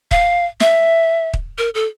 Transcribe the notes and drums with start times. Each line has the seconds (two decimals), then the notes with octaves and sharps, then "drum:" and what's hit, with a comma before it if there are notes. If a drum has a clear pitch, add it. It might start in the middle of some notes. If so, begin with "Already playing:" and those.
0.11 F5, drum: kick
0.60 E5, drum: snare
1.34 drum: kick
1.58 A#4
1.74 A4